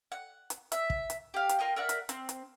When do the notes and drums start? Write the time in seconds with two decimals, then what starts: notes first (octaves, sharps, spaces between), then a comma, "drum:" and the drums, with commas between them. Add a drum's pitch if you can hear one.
0.12 F#5
0.50 drum: hi-hat
0.72 E5, drum: hi-hat
0.90 drum: kick
1.10 drum: hi-hat
1.34 G4 F5
1.49 drum: hi-hat
1.59 F4 A#4 D#5 G5
1.76 A#4 D5 E5 F#5
1.89 drum: hi-hat
2.09 C4, drum: hi-hat
2.29 drum: hi-hat